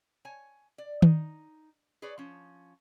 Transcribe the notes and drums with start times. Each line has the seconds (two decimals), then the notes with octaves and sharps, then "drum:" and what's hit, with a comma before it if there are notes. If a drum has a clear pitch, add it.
0.25 C#5 G#5
0.78 D5
1.02 D#4, drum: tom D#3
2.02 G#4 B4 C#5 D5
2.18 F3 C#4